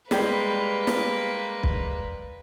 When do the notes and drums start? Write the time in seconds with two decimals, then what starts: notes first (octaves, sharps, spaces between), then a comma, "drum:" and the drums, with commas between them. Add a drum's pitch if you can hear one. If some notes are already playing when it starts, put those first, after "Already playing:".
0.11 G3 G#3 A#3 G4 B4, drum: snare
0.87 drum: snare
1.63 drum: kick